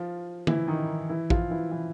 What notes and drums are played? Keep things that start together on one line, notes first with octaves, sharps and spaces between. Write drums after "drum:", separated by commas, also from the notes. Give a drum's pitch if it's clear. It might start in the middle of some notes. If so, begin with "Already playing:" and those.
Already playing: F3 F4
E3 E4, drum: tom D3
D#3 D#4
E3 E4
F3 F4, drum: kick A1
E3 E4
E3 E4